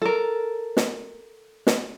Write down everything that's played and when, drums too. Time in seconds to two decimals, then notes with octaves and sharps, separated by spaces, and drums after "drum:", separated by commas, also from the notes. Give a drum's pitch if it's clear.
0.02 A4 A#4
0.77 drum: snare
1.67 drum: snare